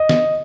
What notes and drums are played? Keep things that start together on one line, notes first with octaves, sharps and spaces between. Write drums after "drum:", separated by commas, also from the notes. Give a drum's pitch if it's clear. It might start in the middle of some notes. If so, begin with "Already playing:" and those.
Already playing: D#5
drum: snare